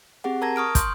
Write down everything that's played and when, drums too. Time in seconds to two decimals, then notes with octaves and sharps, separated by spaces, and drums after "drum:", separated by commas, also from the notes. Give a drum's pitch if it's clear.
0.24 C4 G4 G#4 F#5
0.42 A#4 A5 A#5 G#6 A#6
0.56 C#6 D#6 F6 D7
0.75 C6 G6, drum: kick, hi-hat